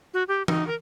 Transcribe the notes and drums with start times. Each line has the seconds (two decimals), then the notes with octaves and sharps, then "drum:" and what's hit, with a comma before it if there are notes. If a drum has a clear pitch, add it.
0.14 F#4
0.28 G4
0.48 D#4, drum: tom E3
0.67 A#4